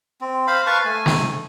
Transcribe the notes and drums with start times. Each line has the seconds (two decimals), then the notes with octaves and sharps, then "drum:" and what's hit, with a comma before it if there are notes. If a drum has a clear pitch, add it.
0.21 C4
0.47 C5 F5 B5
0.67 B4 F5 A5 C#6
0.85 A3 G#5
1.06 drum: snare